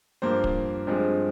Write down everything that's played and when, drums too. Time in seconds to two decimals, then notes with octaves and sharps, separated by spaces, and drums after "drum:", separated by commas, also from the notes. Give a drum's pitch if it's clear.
0.22 G2 F3 A#3 C5
0.44 drum: kick
0.87 G2 F3 G#3 C4